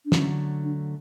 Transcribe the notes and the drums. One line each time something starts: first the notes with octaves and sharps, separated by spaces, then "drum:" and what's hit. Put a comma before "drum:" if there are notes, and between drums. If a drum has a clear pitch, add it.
D4
D3 F#3 A3 C#4, drum: snare
D4